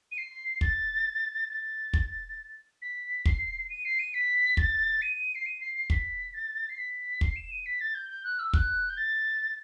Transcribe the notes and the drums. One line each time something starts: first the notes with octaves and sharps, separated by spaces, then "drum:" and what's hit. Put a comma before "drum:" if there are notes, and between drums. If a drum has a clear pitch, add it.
D#7
C7
A6, drum: kick
A6
drum: kick
B6
C7, drum: kick
D#7
C7
D#7
B6
A6, drum: kick
D#7
C7
D#7
C7
C7
B6, drum: kick
A6
C7
B6
C7, drum: kick
E7
D#7
B6
A6
G6
G6
F#6
E6
F#6, drum: kick
G6
A6